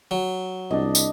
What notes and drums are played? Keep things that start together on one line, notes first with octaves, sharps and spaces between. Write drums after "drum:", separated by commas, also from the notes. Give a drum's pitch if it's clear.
F#3
C2 D4 D#5
drum: tambourine